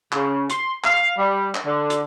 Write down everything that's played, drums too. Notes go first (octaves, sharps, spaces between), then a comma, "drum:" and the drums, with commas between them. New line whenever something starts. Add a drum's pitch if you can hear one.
C#3, drum: clap
C6, drum: hi-hat
F5, drum: clap
G3
drum: clap
D3
drum: hi-hat